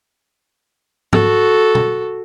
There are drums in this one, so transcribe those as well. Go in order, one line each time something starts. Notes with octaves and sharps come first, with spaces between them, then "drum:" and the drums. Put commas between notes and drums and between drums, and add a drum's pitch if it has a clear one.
F#4 A4, drum: tom G#2
drum: tom B2